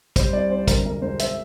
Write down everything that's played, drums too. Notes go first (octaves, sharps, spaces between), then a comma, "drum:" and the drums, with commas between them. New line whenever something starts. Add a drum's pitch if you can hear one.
G3 C5, drum: kick, hi-hat
C2 D5
C2 C5
D3 A#4, drum: kick, hi-hat
E1 A#4
E1 C5
E5, drum: hi-hat